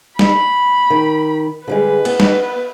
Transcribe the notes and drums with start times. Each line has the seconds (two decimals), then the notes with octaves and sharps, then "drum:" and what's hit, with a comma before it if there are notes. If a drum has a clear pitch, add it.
0.19 B5, drum: snare
0.90 D#3
1.68 D3 G3 G#3 B4
2.05 B3, drum: cymbal
2.20 drum: snare